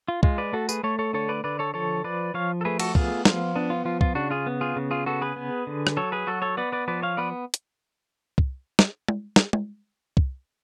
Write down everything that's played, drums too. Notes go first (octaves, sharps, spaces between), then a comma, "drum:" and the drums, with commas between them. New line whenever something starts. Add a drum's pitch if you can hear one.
F4
G#3 F4, drum: kick
B4 D5
A3 F#4 A4
G#4 B4, drum: tambourine
A3 A4 C#5
A4 C#5
D3 A4 C#5
B4 D5
D3 B4 D5
A4 C#5
F3 A4 C#5
F3 B4 D5
F3 C#5 F5
A4
A3 G#4 B4
F#4 A4, drum: cymbal
B3 F4 G#4, drum: kick
F3 F4, drum: snare
B3 D4
F4
F3 F4
F4, drum: kick
C#3 D4 F#4
F4 G#4
B3
F4 G#4
C#3
F4 G#4
B3 F#4 A4
G#4 B4
B3
D3
drum: rim click
F#3 A4 C#5
G#4 B4
F#3 F#4 A4
A4 C#5
B3 B4 D5
B4 D5
F3 B4 D5
C#5 F5
B3 B4 D5
drum: hi-hat
drum: kick
drum: snare
drum: tom
drum: snare
drum: tom
drum: kick